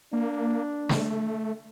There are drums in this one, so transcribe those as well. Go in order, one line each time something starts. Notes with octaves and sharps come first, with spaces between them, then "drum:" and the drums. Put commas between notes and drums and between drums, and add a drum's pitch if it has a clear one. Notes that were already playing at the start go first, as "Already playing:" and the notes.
A#3 D4
A3, drum: snare